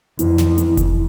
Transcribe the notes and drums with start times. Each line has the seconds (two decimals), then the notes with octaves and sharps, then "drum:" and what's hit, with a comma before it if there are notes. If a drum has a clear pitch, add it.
0.19 F2 E3, drum: hi-hat
0.38 E3, drum: snare
0.58 E3, drum: hi-hat
0.77 E3, drum: kick F1, hi-hat